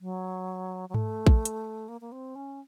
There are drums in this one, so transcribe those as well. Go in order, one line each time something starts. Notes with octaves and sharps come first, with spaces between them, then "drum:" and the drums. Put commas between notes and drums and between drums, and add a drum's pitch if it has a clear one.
F#3
F#3
A3, drum: tom G#2
drum: kick A#1
drum: hi-hat
A#3
A#3
C4
C#4